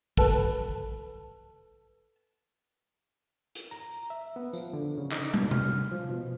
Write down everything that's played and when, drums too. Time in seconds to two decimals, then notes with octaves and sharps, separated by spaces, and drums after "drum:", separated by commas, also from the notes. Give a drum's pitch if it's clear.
0.17 A4 B4 A5, drum: kick
3.55 drum: hi-hat
3.71 A#5
4.10 E5
4.36 B3
4.53 F3, drum: tambourine
4.73 D3
4.98 C#3
5.12 D#4, drum: clap
5.34 B2, drum: tom
5.51 F6, drum: tom C3
5.91 F3
6.10 B2